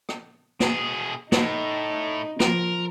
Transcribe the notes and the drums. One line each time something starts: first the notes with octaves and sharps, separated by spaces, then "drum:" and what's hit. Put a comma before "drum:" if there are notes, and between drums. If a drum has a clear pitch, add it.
drum: rim click
B2 G#4, drum: snare
A2 D#4, drum: snare
F3 A#4, drum: snare